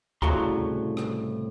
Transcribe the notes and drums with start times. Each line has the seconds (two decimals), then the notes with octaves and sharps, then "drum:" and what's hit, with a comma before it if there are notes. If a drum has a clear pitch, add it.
0.22 C2 A2 C#3 F#4 A#5 C6, drum: kick
0.97 drum: rim click